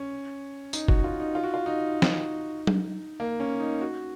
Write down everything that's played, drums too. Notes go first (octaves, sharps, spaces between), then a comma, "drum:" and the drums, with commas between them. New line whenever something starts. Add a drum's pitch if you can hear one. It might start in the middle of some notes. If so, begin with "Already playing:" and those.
Already playing: C#4
D#4, drum: tambourine
F#4, drum: kick
F4
D#4
F4
F#4
F4
D#4
drum: snare
drum: tom F#3
A#3
C#4
D#4
F#4